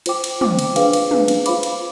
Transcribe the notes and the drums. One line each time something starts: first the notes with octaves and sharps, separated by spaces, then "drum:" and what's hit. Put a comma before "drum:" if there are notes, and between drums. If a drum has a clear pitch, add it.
F4 C5 G5 D6, drum: cymbal
drum: cymbal
F4 C5 G5 D6, drum: tom
drum: cymbal
D4 G#4 B4 F5, drum: cymbal
drum: cymbal
D4 G#4 B4 F5, drum: tom
drum: cymbal
F4 C5 F5 B5 D6, drum: cymbal
drum: cymbal